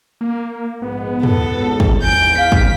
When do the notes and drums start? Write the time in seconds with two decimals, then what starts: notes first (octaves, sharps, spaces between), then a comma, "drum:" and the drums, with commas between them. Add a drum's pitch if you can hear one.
0.21 A#3
0.82 A#1 G#2 B3
1.23 A4, drum: tom
1.54 G#1 C#2
1.80 drum: kick
2.02 A#1 E2 G#2 G#5 G6 D7
2.38 F5 B6
2.52 drum: kick